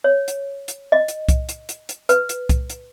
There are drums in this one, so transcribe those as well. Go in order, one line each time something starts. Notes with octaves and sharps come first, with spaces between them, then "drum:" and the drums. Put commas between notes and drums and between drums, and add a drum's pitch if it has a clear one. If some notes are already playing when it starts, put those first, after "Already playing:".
C#5
drum: hi-hat
drum: hi-hat
D#5
drum: hi-hat
drum: kick C2, hi-hat
drum: hi-hat
drum: hi-hat
drum: hi-hat
B4, drum: hi-hat
drum: hi-hat
drum: kick C2, hi-hat
drum: hi-hat